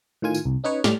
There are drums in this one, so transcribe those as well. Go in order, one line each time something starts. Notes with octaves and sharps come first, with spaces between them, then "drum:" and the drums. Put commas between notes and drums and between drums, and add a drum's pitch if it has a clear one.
A2 D#3 F4 G#5
drum: tambourine
C2
C#4 D#4 B4 C#5
A2 G3 D5 F6, drum: snare